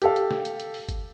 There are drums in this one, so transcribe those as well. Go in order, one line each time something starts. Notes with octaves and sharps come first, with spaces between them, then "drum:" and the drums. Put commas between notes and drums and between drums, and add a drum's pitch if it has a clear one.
G4 A4 F5, drum: hi-hat
drum: hi-hat
drum: snare
drum: hi-hat
drum: hi-hat
drum: open hi-hat
drum: kick G1, hi-hat